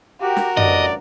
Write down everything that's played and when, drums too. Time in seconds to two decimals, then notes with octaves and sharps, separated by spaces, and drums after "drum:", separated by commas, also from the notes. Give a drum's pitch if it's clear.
0.21 F#4 G4 A#4
0.36 drum: snare
0.57 A1 G2 D5 D#5, drum: tom F#2